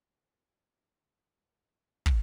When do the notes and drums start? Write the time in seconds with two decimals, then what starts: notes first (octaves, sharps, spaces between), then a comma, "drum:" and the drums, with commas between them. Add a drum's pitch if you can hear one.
0.06 B3 C4 D4
2.06 drum: kick